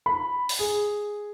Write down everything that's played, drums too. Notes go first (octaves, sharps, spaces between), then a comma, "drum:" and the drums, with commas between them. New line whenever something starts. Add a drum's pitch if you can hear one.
B5
drum: open hi-hat
G#4